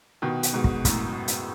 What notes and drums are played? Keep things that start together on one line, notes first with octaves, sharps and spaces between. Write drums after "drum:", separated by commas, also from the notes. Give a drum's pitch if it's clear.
B2 D#3
drum: hi-hat
G#2 B2
drum: kick
F#2 A2, drum: kick, hi-hat
drum: hi-hat